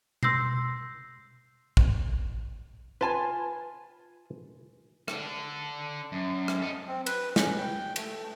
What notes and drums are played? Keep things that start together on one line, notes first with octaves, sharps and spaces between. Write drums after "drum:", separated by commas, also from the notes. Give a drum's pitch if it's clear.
C6 E6 G6 A#6 C7, drum: tom B2
drum: kick
F4 B4 G#5 A5
D4 A4, drum: rim click
F#2
drum: rim click
A4 D#5
C4
B4, drum: cymbal
C#4, drum: snare
G5
A3, drum: cymbal